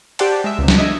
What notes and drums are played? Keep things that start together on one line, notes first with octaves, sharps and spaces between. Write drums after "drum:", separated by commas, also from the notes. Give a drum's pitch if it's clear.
G4 C5 D5 F#5 G5 A5, drum: cymbal
G#3 E5
C#2 C3
drum: snare
D#5 E5 G#6